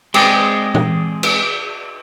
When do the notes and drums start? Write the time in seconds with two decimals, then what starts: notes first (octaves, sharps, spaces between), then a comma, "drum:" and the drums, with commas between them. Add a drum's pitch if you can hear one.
0.14 G#3 C4 G4 G#4 D5 D#5, drum: cymbal
0.74 drum: tom A#2
1.23 drum: cymbal